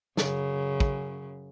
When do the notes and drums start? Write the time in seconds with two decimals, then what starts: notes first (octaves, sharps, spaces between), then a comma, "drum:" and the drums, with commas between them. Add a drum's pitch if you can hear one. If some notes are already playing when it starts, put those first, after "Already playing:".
0.17 F#2 C#3, drum: snare
0.80 drum: kick